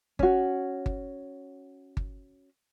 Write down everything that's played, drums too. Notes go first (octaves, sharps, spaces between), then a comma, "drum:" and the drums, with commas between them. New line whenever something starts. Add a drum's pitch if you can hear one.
C#4 F#4, drum: kick G1
drum: kick G1
drum: kick G1